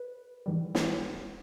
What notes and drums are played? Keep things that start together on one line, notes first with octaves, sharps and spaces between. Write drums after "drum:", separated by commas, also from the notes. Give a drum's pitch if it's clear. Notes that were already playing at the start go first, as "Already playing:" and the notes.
Already playing: B4
G#2 E3 G3
drum: snare